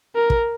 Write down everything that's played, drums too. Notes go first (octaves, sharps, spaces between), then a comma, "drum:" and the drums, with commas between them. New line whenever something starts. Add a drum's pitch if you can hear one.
A#4
drum: kick